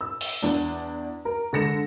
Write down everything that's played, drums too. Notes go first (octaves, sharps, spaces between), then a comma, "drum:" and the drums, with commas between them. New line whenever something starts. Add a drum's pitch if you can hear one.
E6
drum: open hi-hat
E2 D4
A#4
D3 G#3 A#6 C#7 E7